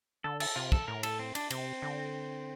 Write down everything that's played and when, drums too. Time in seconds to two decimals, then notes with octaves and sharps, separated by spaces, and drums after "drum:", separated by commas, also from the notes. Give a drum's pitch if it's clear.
0.24 D3 A4
0.40 A4, drum: cymbal
0.56 C3 F4
0.72 A4, drum: kick
0.88 A2 A#4
1.03 A4, drum: cymbal
1.19 C4
1.35 D4, drum: cymbal
1.50 C3 C4, drum: cymbal
1.82 D3